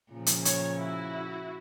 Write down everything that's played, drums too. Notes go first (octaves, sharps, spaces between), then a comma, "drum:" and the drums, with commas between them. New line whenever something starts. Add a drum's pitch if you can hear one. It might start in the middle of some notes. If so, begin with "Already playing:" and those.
A#2 C#3 F3
drum: hi-hat
C#5, drum: hi-hat
E4 F#4